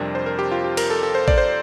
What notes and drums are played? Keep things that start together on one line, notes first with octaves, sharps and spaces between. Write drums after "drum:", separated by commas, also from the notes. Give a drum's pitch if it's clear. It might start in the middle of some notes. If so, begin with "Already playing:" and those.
Already playing: F2 C3 G3 D4 A#4
C5
A#4
G4
F4
G4
A#4, drum: cymbal
A4
A4
C5
D5, drum: kick A1
C5